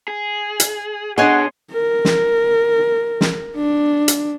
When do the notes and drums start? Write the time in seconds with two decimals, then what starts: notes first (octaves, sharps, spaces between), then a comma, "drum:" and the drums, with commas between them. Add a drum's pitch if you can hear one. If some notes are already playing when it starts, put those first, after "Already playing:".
0.08 G#4
0.60 drum: hi-hat
1.18 B2 B3 D4 G#4 C#5 D#5 F#5 C6
1.72 A#4
2.05 drum: snare
3.21 drum: snare
3.56 D4
4.08 drum: hi-hat